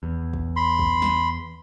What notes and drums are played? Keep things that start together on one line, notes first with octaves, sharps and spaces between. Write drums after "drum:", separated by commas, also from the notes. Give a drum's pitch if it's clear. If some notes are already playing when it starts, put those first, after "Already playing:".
E2
drum: kick
B5 C6
drum: kick
drum: snare